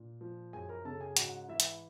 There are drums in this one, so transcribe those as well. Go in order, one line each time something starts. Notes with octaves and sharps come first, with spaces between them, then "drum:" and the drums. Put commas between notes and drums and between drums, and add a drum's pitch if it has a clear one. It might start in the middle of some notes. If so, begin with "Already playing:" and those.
Already playing: A#2
F3
F#2 G#4 G#5
A#4 A#5
C#3 A4 A5
G#4 G#5
G#2 F#4 F#5, drum: hi-hat
E3 E4 E5
drum: hi-hat